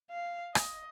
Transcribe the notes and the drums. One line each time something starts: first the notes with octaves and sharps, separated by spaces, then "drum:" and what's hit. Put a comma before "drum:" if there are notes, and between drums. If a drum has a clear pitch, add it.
F5
D#5, drum: rim click